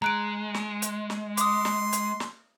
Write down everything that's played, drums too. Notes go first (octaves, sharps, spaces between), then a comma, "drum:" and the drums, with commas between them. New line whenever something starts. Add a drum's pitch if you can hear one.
G#3 A#5 F#6 D7
drum: snare
drum: hi-hat
drum: snare
C6 D6 D#6, drum: hi-hat
drum: snare
drum: hi-hat
drum: snare